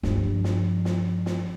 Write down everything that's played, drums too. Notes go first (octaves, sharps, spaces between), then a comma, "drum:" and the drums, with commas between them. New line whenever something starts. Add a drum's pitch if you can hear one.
G2 F3, drum: snare
drum: snare
drum: snare
drum: snare